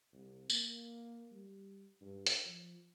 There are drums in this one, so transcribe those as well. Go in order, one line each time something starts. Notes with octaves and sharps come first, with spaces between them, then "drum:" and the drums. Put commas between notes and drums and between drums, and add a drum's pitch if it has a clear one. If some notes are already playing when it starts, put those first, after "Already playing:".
C2
A#3, drum: tambourine
G3
G2
drum: hi-hat
F3